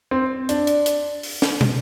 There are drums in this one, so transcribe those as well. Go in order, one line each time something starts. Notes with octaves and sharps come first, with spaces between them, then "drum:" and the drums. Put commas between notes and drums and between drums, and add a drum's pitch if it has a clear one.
C4
D4, drum: hi-hat
drum: hi-hat
drum: hi-hat
drum: open hi-hat
drum: snare
drum: tom